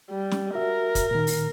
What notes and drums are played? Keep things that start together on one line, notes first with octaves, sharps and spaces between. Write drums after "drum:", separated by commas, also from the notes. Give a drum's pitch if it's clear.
G3
drum: snare
F#4 A#4 E5
drum: kick, hi-hat
A#2 D#3
drum: open hi-hat